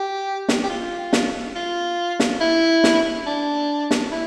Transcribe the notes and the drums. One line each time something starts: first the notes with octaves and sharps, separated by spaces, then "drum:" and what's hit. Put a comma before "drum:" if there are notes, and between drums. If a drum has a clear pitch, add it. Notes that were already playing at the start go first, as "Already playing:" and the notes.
Already playing: G4
drum: snare
G4
F4
drum: snare
F4
drum: snare
E4
drum: snare
D4
drum: snare
E4